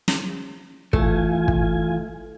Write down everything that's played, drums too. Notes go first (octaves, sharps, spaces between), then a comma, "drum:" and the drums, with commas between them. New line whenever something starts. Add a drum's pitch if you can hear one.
drum: snare
E3 A3 F4 G#5, drum: kick
drum: kick